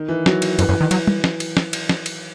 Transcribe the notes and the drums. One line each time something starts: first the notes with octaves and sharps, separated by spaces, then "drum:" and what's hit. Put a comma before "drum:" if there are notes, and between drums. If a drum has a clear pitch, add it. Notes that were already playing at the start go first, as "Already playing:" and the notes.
Already playing: D#3
E3
F#3, drum: snare
drum: cymbal
F#2 E3, drum: cymbal
F#2
D#3
F#3, drum: cymbal
drum: tom
drum: snare
drum: cymbal
drum: snare
drum: cymbal
drum: snare
drum: cymbal